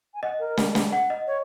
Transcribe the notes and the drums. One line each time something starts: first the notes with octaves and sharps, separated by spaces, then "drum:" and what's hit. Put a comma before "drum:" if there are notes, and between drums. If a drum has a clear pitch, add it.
G#5
D#5 F#5
A#4
drum: snare
drum: snare
F#5
D#5
C#5